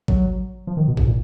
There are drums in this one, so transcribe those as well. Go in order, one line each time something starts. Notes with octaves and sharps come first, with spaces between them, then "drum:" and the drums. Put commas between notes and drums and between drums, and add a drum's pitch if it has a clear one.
F#3, drum: kick G#1
F3
D#3
B2
G#2, drum: kick G#1
A#2